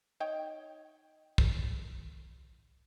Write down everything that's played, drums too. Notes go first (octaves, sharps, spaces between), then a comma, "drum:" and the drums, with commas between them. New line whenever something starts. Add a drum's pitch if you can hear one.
D#4 C#5 G5
drum: kick